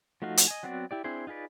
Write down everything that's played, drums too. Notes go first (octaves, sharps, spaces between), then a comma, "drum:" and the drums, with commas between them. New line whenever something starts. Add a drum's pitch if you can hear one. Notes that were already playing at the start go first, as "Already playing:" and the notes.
F3 A3 D#4 F#4 F5
drum: hi-hat
D#5 G#5
F#3 B3 C4 F#4 D5
E4 G4 D5
C4 D4 E4 G#4 C5
D#4 F4 G#4 B4 D5